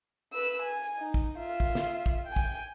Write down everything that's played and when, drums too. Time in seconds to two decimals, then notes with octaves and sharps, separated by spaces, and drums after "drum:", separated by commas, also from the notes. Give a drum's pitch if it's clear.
0.33 B4 E6
0.62 G#5
0.84 drum: tambourine
0.99 D#4
1.14 drum: kick, tambourine
1.39 F4 E5
1.60 drum: kick
1.75 drum: snare
2.06 drum: kick, tambourine
2.27 G5 G#5
2.36 drum: kick, tambourine